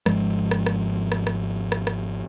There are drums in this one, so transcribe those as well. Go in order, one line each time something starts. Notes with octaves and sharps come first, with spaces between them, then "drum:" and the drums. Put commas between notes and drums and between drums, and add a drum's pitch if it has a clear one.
G#1 G#2 F3 G#3, drum: rim click
drum: rim click
drum: rim click
drum: rim click
drum: rim click
drum: rim click
drum: rim click